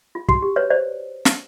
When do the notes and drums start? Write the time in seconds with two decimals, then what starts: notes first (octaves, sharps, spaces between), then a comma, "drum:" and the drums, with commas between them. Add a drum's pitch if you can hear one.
0.15 F4
0.29 F#4, drum: kick
0.42 G4
0.56 B4 C#5
0.70 C5 D5
1.25 drum: snare